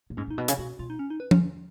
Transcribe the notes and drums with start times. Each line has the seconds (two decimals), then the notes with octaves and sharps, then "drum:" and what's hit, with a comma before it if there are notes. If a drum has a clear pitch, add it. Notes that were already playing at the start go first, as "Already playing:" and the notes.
0.10 A#2
0.17 G#2 C#4
0.28 A#2 D#4
0.38 B2
0.48 C#3, drum: hi-hat
0.58 B2 F#4
0.79 B2 F4
0.90 D#4
0.99 C#4
1.10 D#4
1.20 B4
1.31 C#4, drum: tom F3